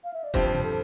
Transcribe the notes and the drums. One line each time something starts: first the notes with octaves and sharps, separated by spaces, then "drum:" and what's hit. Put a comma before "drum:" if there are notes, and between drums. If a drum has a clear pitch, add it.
F5
E5
D5
G2 F3 C4 G4 C5, drum: kick E1, hi-hat
drum: tom B2
A4